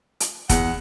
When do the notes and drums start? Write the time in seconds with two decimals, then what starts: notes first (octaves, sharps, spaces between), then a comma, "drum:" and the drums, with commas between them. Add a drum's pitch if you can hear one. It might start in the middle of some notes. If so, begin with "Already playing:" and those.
0.20 drum: hi-hat
0.49 E2 F#5, drum: kick F1, hi-hat